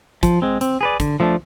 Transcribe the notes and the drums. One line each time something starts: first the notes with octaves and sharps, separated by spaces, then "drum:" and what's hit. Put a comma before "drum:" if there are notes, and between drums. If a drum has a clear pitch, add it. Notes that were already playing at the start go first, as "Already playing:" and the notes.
F3, drum: kick, hi-hat
G#3 C4
C4, drum: hi-hat
G#4 B4 D5
D3, drum: kick, hi-hat
F3 A3 D4